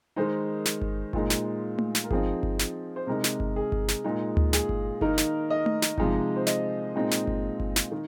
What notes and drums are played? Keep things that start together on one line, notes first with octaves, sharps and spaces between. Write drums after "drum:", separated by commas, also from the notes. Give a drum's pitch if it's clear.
D#3 G#3 D#4 C5
drum: snare
drum: kick G1
A#2 G#3 D#4, drum: kick G1
drum: snare
drum: tom A3
drum: snare
A#4
F3 C4 D#4 G#4, drum: kick G1
drum: kick G1
drum: snare
C5
C3 G#3 D#4 A#4
drum: snare
drum: kick G1
G#4
drum: kick G1
drum: snare
A#2 G#3 D#4
drum: tom D2
G#4, drum: snare
drum: kick G1
D#3 A#3 D#4 A#4, drum: kick G1
drum: snare
D#5
drum: tom A3
drum: snare
C3 F3 G#3 D#4, drum: kick G1
C5
D#5, drum: snare
A#2 G#3 C4 D#4
drum: snare
drum: kick G1
drum: kick G1
drum: snare
D#3